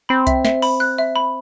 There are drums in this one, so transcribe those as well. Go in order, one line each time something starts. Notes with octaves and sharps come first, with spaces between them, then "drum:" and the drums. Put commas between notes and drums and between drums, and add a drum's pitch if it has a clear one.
C4 B5
E5, drum: kick C2, hi-hat
E5, drum: snare
B5, drum: open hi-hat
F#6
E5
B5